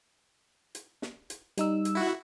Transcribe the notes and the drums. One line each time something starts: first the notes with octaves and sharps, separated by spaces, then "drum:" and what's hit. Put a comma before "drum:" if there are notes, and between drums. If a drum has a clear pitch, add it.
drum: hi-hat
drum: snare
drum: hi-hat
G3 D#4 E6, drum: hi-hat
drum: hi-hat
E4 F#4